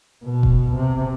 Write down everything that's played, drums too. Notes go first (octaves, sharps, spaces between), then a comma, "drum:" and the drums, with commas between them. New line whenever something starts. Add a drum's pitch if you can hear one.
B2
drum: kick E1
C3